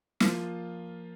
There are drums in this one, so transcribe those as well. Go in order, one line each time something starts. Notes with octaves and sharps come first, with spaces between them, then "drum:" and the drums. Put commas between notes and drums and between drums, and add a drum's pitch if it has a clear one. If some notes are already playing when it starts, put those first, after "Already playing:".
F3 A#3 F4, drum: snare